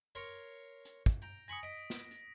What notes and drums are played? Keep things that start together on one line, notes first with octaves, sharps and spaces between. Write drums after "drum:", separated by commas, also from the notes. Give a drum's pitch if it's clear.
A#4 C#5 C6
drum: hi-hat
drum: kick
G5 A#5
G#5 B5 C#6 D#6 A#6
D#5 A#6 B6 D7
drum: snare
drum: hi-hat